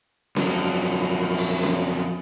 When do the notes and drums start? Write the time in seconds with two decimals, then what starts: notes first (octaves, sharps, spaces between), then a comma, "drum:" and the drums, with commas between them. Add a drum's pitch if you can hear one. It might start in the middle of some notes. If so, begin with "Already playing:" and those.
0.36 F2 F#3, drum: snare C#4
1.37 drum: open hi-hat
1.63 drum: snare C#4